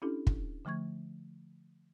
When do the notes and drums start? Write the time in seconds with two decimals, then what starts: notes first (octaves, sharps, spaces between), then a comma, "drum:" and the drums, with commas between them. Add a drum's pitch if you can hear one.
0.02 C#4 D4 E4 G4 A4
0.27 drum: kick
0.65 D3 F3 A3 C#6 G#6